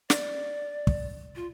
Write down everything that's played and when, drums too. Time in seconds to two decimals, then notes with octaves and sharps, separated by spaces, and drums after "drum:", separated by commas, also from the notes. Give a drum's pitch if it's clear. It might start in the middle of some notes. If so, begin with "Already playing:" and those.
0.10 D5, drum: snare
0.87 drum: kick
1.36 F4